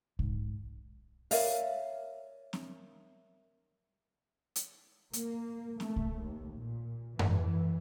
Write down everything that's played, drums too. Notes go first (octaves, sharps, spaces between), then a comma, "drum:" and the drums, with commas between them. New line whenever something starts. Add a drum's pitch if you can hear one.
G#2, drum: kick
A#4 C#5 D5 E5 F5, drum: open hi-hat
drum: snare C4
drum: hi-hat
A#3, drum: hi-hat
A3, drum: snare C4
drum: kick
D#2
A#2
E3, drum: tom F#2